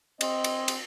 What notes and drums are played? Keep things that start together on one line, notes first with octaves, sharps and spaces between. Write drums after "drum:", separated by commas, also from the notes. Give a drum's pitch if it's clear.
C4 D#5, drum: cymbal
drum: cymbal
drum: cymbal